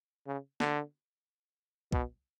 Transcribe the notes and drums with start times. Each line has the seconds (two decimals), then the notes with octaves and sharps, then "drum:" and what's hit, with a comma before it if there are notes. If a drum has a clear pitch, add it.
0.27 C#3
0.60 D3, drum: snare
1.92 B2, drum: kick